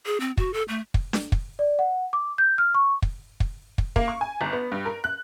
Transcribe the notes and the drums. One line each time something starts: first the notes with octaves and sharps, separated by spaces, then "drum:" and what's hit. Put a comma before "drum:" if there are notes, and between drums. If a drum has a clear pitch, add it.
G#4
C4
F#4, drum: kick
A4
A3
drum: kick
drum: snare D4
drum: kick
D5
F#5
D6
G6
F6
C#6
drum: kick
drum: kick
drum: kick
A#3, drum: kick
C#6
G#5
G1
B3
G2
A#4
F#6